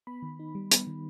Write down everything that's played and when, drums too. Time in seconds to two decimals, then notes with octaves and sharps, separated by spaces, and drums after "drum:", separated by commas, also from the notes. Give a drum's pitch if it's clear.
0.07 B3 B5
0.22 D#3
0.39 D#4
0.55 G3
0.71 B3, drum: hi-hat
0.87 D#3